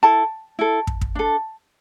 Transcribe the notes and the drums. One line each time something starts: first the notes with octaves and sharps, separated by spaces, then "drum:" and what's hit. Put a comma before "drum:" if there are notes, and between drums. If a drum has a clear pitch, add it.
E4 A4 A5
E4 A4
drum: kick
drum: kick
D4 A4